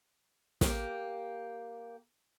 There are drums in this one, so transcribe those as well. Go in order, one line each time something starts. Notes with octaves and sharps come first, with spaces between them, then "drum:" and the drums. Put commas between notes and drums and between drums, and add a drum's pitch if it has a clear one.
A#3 G4, drum: snare